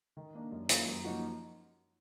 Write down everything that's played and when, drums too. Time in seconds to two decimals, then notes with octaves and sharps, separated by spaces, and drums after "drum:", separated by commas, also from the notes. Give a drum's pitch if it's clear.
0.17 D#3
0.35 A#3 D4
0.52 F#2
0.69 D#3 A#3 F4, drum: hi-hat
0.87 F#2
1.04 F3 A#3 D#4 F#4